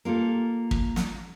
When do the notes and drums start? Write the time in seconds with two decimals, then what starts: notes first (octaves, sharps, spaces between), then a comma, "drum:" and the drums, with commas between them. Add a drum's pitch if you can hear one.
0.05 A#3 F4 G4 A4
0.71 drum: kick
0.96 drum: snare